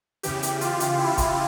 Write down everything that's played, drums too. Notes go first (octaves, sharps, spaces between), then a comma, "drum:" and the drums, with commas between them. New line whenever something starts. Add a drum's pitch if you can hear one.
E2 C#3 E3 G4, drum: hi-hat
drum: hi-hat
F4, drum: hi-hat
drum: hi-hat
E4
drum: kick, hi-hat